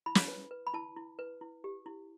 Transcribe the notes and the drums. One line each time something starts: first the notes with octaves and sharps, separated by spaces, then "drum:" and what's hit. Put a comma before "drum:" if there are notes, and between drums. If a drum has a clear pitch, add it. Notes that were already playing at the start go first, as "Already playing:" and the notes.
E4 B5
drum: snare
B4
B4
B5
E4 A5
E4
B4
E4
G4
E4